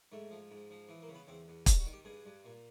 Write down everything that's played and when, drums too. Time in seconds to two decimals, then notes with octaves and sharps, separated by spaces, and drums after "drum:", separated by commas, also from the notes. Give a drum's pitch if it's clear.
0.12 G#2 A3
0.31 F3
0.51 G#2
0.70 F3
0.89 E3
1.02 A#3
1.09 C#3
1.15 B3
1.28 E2 C4
1.48 E2
1.66 G3 D4, drum: kick, hi-hat
1.80 F#4
1.86 D#3
1.93 G4
2.05 G2 G#4
2.26 G2
2.45 A#2